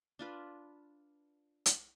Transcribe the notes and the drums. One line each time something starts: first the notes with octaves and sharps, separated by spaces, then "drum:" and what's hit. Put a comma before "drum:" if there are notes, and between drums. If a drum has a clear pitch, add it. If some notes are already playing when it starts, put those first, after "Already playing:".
D4 F4 B4
drum: hi-hat